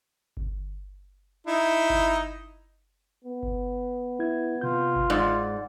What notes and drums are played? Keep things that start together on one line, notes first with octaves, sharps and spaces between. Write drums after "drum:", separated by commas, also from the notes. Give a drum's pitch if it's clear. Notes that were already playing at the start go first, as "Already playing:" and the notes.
drum: kick G1
D#4 E4
drum: kick G1
B3
drum: kick G1
E4 G#6
C3 F4 G6
drum: kick G1
G#2 D5 A6